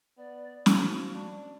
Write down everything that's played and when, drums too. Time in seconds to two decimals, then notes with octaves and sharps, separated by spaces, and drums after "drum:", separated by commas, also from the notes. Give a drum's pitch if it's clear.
0.18 B3 D5
0.66 F3 F#4, drum: snare
1.14 D4